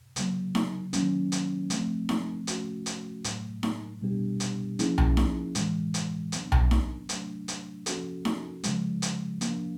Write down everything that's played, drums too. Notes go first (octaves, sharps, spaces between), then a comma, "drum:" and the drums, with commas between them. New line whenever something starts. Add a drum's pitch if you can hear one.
C#3 F#3 A#3, drum: hi-hat
drum: snare D#4
D#3 F#3 A#3 C#4, drum: hi-hat
drum: hi-hat
F3 A3 C4, drum: hi-hat
drum: snare D#4
F3 A3 C#4 F#4, drum: hi-hat
drum: hi-hat
A2 F#3 A3, drum: hi-hat
drum: snare D#4
B2 G3 B3 D4 G4
drum: hi-hat
F3 A#3 C#4 E4 G#4, drum: hi-hat
drum: tom B1
drum: snare D#4
A2 E3 G#3, drum: hi-hat
drum: hi-hat
F#3 B3 D4, drum: hi-hat
drum: tom B1
drum: snare D#4
F#3 A3 D4, drum: hi-hat
drum: hi-hat
F3 A#3 C#4 F#4 A4, drum: hi-hat
drum: snare D#4
C#3 F3 G#3, drum: hi-hat
drum: hi-hat
F3 A#3 D4, drum: hi-hat